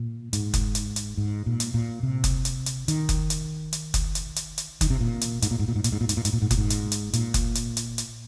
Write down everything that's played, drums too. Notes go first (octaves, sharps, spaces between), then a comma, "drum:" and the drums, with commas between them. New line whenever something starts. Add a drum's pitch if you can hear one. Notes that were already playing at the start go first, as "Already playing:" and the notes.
Already playing: A#2
G#2, drum: hi-hat
drum: kick F#1, hi-hat
drum: hi-hat
drum: hi-hat
G#2
A#2
drum: hi-hat
A#2
C3
drum: kick F#1, hi-hat
drum: hi-hat
drum: hi-hat
D#3, drum: hi-hat
drum: kick F#1, hi-hat
drum: hi-hat
drum: hi-hat
drum: kick F#1, hi-hat
drum: hi-hat
drum: hi-hat
drum: hi-hat
D#3, drum: kick F#1, hi-hat
C3
A#2
drum: hi-hat
G#2, drum: hi-hat
A#2
G#2
A#2
G#2
A#2, drum: hi-hat
G#2
A#2
G#2, drum: hi-hat
A#2
G#2, drum: hi-hat
A#2
G#2
A#2, drum: kick F#1, hi-hat
G#2
drum: hi-hat
drum: hi-hat
A#2, drum: hi-hat
drum: kick F#1, hi-hat
drum: hi-hat
drum: hi-hat
drum: hi-hat